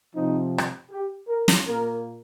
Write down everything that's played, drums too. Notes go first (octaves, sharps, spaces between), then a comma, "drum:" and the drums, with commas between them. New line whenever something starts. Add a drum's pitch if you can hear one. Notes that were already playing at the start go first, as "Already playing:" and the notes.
C3 F3 C4 D#4
drum: rim click
G4
A#4
drum: snare
A#2 A#3 A#4